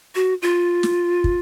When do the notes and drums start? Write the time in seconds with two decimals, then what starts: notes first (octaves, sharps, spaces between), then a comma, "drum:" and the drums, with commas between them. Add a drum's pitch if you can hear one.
0.15 F#4
0.42 F4
0.83 drum: snare
1.24 drum: kick